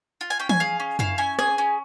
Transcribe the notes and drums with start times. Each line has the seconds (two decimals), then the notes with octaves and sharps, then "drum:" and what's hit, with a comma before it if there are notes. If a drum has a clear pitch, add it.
0.21 F4
0.30 G#5
0.39 C#4 G5
0.49 G#5, drum: tom E3
0.60 G#4 F5
0.80 C#4
0.99 E4 F5, drum: tom F#2
1.18 C#4 G#5
1.39 G#4 G#5, drum: rim click
1.58 C#4